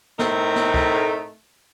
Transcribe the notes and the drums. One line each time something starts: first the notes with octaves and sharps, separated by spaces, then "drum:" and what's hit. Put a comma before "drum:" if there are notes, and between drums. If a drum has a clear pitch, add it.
A2 A3 C4 D#4 A#4, drum: snare
drum: snare
drum: kick